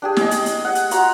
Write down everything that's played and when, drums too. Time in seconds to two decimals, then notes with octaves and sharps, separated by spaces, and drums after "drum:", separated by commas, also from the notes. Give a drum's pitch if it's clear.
0.02 D4 G4 G#4
0.17 G#4 D#5, drum: snare
0.31 drum: hi-hat
0.46 drum: hi-hat
0.65 F#5
0.75 drum: hi-hat
0.91 F4 F#4 A#5, drum: hi-hat